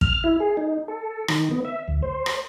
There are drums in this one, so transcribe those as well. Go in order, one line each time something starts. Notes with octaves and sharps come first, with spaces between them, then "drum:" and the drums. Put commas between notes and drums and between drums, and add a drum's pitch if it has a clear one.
F6, drum: kick
E4
G#4
D#4
A4
D#3, drum: rim click
B3
E5
D2
C5
drum: rim click